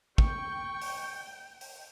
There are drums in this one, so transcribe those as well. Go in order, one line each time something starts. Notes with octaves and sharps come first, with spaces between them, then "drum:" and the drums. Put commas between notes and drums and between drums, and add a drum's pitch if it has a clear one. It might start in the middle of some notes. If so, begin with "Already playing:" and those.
G5 C#6, drum: kick
drum: open hi-hat
drum: open hi-hat